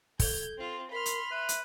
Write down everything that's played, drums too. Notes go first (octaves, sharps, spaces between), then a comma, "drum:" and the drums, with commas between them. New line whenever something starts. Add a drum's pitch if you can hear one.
A4 G6 G#6, drum: kick, open hi-hat
C4 F4
A#4 B5 C6 F6
drum: hi-hat
B4 E5
drum: hi-hat